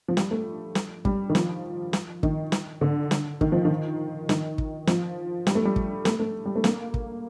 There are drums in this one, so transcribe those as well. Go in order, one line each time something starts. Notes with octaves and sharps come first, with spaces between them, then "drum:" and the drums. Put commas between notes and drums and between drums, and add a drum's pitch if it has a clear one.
F3
G3, drum: snare
A3
drum: snare
G3, drum: kick
D#3
F3, drum: snare
drum: snare
D#3, drum: kick
drum: snare
D3
drum: snare
D#3, drum: kick
F3
D#3
D#3, drum: snare
drum: kick
F3, drum: snare
G3, drum: snare
A3
G3
drum: kick
A3, drum: snare
A3
G3
A3
A#3, drum: snare
drum: kick